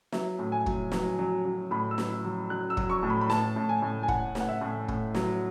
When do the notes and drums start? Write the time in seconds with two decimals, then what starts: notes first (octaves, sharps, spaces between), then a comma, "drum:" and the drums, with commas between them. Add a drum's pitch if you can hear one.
0.12 F#3 E5, drum: snare
0.39 A2
0.52 G#5
0.66 F#3, drum: kick
0.92 F#3, drum: snare
1.19 F#3
1.45 F#3
1.71 A2 B5
1.91 E6
1.98 F#3, drum: snare
2.25 F#3
2.50 F#3 F#6
2.70 E6
2.77 F#3, drum: kick
2.90 C#6
3.03 A2
3.10 B5
3.21 B5
3.30 A2 A5, drum: snare
3.56 A2
3.69 G#5
3.82 A2
4.03 G#5
4.08 A2 F#5, drum: kick
4.35 A2, drum: snare
4.40 F#5
4.49 E5
4.61 A2
4.88 A2, drum: kick
5.15 F#3, drum: snare